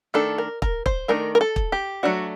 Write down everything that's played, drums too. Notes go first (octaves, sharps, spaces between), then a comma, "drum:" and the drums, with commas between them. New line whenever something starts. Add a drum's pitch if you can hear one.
D#3 A3 D4 A4
A#4
A#4, drum: kick
C5, drum: kick
D#3 A3 D4 A#4
A#4
A4
drum: kick
G4
F#3 A3 D4 F#4